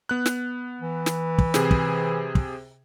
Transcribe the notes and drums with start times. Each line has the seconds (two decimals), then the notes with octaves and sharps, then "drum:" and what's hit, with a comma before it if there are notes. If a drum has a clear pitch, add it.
0.09 B3 F#6
0.26 drum: snare
0.81 E3
1.06 drum: snare
1.38 drum: kick
1.54 C3 G#4 C5, drum: snare
1.71 drum: kick
2.35 drum: kick